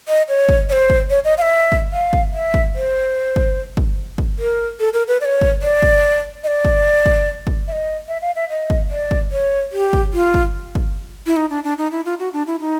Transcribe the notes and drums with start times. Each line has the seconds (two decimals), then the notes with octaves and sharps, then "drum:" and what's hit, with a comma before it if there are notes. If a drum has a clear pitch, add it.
0.08 D#5
0.28 C#5
0.49 drum: kick
0.69 C#5
0.72 C5
0.90 drum: kick
1.10 C#5
1.25 D#5
1.38 F5
1.42 E5
1.72 drum: kick
1.92 F5
2.13 drum: kick
2.33 E5
2.54 drum: kick
2.75 C5
3.36 drum: kick
3.77 drum: kick
4.18 drum: kick
4.39 A#4
4.80 A4
4.93 A#4
5.08 B4
5.21 D5
5.25 C#5
5.41 drum: kick
5.62 D5
5.82 drum: kick
6.43 D#5
6.47 D5
6.65 drum: kick
7.06 drum: kick
7.47 drum: kick
7.68 E5
7.72 D#5
8.08 E5
8.22 F5
8.36 E5
8.50 D#5
8.70 drum: kick
8.90 D5
9.11 drum: kick
9.32 C#5
9.72 G4
9.93 drum: kick
10.14 F4
10.34 drum: kick
10.75 drum: kick
11.26 E4
11.36 D#4
11.50 D4
11.64 D4
11.78 D#4
11.91 E4
12.05 F4
12.19 F#4
12.33 D4
12.47 E4
12.60 D#4